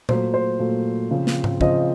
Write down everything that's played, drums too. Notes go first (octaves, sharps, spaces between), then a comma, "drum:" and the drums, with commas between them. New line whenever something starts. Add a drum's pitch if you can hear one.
A#2 F#3 A3 C5, drum: tom A#2
C5
A#2 F#3 A3
C#3 F3 C4
drum: snare
drum: tom G#2
C#3 F3 C4 D#5, drum: kick